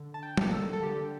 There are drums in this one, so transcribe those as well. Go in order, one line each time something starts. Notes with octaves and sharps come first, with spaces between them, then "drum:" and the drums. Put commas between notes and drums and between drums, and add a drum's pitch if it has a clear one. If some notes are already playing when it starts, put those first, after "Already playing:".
Already playing: D3
A5
G5
G3 A#3, drum: tom
A4
A4
D3 G4